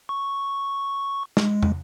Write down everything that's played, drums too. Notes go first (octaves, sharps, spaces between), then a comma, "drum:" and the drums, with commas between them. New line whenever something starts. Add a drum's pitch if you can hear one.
C#6
G#3, drum: snare
drum: tom